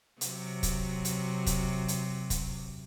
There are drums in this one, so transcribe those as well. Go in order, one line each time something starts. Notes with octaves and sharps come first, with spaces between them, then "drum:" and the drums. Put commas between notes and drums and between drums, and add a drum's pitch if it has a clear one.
C3 F#3, drum: hi-hat
drum: kick, hi-hat
drum: hi-hat
drum: kick, hi-hat
drum: hi-hat
drum: kick, hi-hat